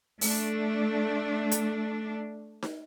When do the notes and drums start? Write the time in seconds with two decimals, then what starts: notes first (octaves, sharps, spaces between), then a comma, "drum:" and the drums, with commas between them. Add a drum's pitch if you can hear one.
0.21 A3 D4, drum: open hi-hat
1.51 drum: hi-hat
2.63 drum: snare D#4